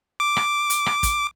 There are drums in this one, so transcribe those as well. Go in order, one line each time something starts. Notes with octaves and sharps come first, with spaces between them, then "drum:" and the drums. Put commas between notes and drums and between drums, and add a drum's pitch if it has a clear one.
D6
drum: rim click
drum: hi-hat
drum: rim click
drum: kick, hi-hat